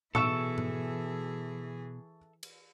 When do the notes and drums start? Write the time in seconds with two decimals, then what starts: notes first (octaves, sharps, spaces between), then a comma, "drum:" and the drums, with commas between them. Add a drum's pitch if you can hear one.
0.15 B2 E3 G#4 A4 E5 C#6 E6, drum: tom A2
0.58 drum: tom G#2
2.43 drum: cymbal